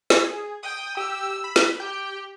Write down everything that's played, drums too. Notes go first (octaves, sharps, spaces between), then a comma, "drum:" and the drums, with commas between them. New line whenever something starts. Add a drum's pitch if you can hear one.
G#4, drum: snare
G5 D#6
G4 E6
B5
drum: snare
G4 G5